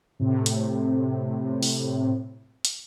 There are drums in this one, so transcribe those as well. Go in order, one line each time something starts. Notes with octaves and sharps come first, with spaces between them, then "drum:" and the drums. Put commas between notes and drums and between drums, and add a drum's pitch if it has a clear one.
A2 C3
drum: hi-hat
drum: open hi-hat
drum: hi-hat